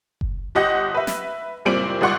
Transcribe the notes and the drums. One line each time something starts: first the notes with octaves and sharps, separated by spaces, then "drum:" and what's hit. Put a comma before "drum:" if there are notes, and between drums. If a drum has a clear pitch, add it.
drum: kick F#1
G1 G4 D#5 F#5 G6 A#6
B4 E5
drum: snare
F#1 A#2 G3 C4 D7 F#7
G#1 G3 F4 F#5 C6 C#6